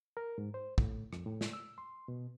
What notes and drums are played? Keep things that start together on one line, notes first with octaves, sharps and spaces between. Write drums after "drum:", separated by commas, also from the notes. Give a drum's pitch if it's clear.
A#4
G#2
C5
A2, drum: kick
F2, drum: rim click
A2
drum: snare
E6
C6
B2